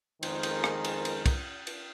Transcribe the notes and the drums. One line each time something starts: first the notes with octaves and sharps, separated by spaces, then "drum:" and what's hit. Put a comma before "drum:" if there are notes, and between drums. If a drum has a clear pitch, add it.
F2 D#3 G#3 G#4 A#4 C5, drum: cymbal
drum: cymbal
drum: rim click
drum: cymbal
drum: cymbal
drum: kick, cymbal
drum: cymbal